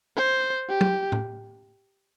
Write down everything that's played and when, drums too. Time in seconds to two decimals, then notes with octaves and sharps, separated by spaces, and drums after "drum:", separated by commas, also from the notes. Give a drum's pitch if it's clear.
0.17 C5
0.69 G4
0.81 drum: tom
1.12 drum: tom